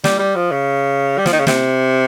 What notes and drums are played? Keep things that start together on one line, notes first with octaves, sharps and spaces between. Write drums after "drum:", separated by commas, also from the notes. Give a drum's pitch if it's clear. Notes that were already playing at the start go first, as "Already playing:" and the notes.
G3, drum: snare
G3
F3
C#3
G3
F3, drum: snare
D#3
C#3
C3, drum: snare